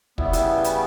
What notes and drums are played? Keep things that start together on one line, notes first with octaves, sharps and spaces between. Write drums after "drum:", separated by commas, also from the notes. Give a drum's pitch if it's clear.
C#3 G3 B3 E4, drum: kick
E4, drum: hi-hat
drum: hi-hat